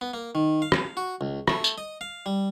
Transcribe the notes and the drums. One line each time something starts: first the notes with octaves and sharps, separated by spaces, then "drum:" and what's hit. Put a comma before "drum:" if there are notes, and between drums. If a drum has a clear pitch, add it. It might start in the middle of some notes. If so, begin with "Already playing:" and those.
B3
A#3
D#3
F5
drum: rim click
F#4
C#2
A3, drum: rim click
drum: tambourine
D#5
F5
G3